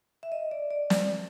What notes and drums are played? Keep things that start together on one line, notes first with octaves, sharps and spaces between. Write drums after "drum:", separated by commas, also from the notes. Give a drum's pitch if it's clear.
E5
D#5
D5
D5
D5, drum: snare